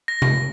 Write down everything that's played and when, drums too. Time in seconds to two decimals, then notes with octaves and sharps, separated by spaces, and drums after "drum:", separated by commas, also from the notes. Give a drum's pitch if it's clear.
0.08 A#6
0.22 drum: tom C3